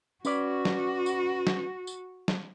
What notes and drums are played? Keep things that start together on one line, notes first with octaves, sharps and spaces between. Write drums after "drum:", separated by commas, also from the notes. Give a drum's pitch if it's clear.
C#4 F#4 B4 D5, drum: tambourine
drum: snare
drum: tambourine
drum: snare
drum: tambourine
drum: snare